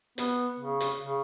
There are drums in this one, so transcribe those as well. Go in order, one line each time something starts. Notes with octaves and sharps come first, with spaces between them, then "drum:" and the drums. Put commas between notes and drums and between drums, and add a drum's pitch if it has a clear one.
B3, drum: hi-hat
C#3
drum: hi-hat
C#3